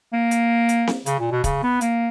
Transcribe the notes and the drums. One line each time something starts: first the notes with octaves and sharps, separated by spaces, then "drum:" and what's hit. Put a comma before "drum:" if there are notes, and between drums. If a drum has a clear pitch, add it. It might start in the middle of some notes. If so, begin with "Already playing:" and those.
A#3
drum: hi-hat
drum: hi-hat
drum: snare C4
C#3, drum: hi-hat
A#2
B2
C#3, drum: kick, hi-hat
B3
A#3, drum: hi-hat